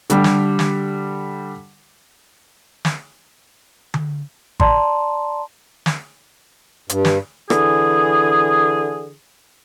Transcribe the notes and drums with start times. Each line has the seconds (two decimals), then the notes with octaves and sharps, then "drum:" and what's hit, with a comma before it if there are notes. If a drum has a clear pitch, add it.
0.10 D3 G3 G4, drum: hi-hat
0.24 drum: snare
0.59 drum: snare
2.85 drum: snare
3.94 drum: tom D3
4.60 D5 A5 A#5 C6, drum: kick G#1
5.86 drum: snare
6.89 G2, drum: hi-hat
7.05 drum: snare
7.50 D3 E3 G#4, drum: rim click